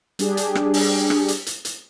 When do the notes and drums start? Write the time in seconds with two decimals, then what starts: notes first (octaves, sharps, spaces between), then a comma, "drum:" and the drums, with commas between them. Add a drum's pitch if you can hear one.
0.19 G3 D4 G4 G#4, drum: hi-hat
0.37 drum: hi-hat
0.55 drum: rim click
0.74 drum: open hi-hat
1.10 drum: rim click
1.28 drum: hi-hat
1.46 drum: hi-hat
1.65 drum: hi-hat